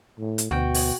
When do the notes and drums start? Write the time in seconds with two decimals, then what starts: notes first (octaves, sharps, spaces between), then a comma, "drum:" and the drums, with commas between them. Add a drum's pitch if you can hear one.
0.20 A2
0.38 drum: hi-hat
0.51 D2 B2 F#4 G5
0.74 drum: open hi-hat